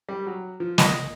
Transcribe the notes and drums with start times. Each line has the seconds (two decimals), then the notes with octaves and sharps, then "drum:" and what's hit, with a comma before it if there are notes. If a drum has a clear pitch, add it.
0.09 G3
0.27 F#3
0.60 F3
0.78 D#5, drum: snare